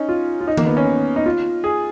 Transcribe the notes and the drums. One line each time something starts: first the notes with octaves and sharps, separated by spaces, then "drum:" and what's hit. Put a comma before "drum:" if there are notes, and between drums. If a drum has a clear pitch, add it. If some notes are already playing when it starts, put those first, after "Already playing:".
Already playing: C#4 D#4
F4
F4
D#4
A#3, drum: tom D#3
B3
C#4
D#4
F4
G#4